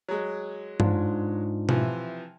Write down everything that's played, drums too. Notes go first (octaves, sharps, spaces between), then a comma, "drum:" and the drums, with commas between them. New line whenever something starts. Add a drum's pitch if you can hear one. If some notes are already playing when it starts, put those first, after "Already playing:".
F#3 G#3
G#2 D4 F4, drum: tom G2
C3 E3 F3, drum: tom B2